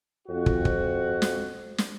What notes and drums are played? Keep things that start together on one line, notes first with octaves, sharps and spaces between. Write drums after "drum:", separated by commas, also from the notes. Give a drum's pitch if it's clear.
F2 F#4
drum: kick
drum: kick
drum: snare
drum: snare